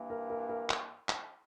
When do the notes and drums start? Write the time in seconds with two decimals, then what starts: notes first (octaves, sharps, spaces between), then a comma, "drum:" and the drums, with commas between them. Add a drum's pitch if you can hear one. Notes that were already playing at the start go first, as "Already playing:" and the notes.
Already playing: G2 E3 A#3
0.10 A#4
0.30 A#4
0.49 A#4
0.70 drum: clap
1.09 drum: clap